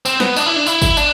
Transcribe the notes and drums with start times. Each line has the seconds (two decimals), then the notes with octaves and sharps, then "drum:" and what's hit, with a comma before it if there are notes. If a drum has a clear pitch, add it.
0.05 C4, drum: tambourine
0.20 B3, drum: snare
0.36 D4, drum: tambourine
0.46 E4
0.56 D4
0.67 E4, drum: tambourine
0.82 drum: kick G#1, tambourine
0.97 D4, drum: tambourine